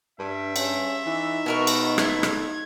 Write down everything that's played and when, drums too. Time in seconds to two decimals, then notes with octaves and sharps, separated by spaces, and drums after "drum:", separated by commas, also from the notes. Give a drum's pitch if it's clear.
0.20 G2 D4 E5
0.56 C#4, drum: cymbal
1.06 E3 D#4
1.46 B2 F#4 A#4 C#6
1.67 drum: cymbal
1.98 A3 E4 G#6, drum: rim click
2.23 drum: rim click